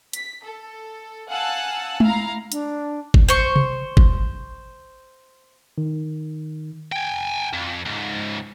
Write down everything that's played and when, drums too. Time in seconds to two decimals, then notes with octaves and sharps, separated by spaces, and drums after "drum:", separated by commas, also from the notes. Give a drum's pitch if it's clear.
0.13 B6, drum: hi-hat
0.43 A4
1.28 F5 F#5 G#5 A5 E6 F#6
2.00 E4 F5 A#5, drum: tom G#3
2.52 D4, drum: hi-hat
3.14 drum: kick G1
3.29 C5 C#6
3.56 drum: tom C3
3.97 drum: kick G1
5.78 D#3
6.92 G5 G#5
7.53 F2
7.85 C#2 G#2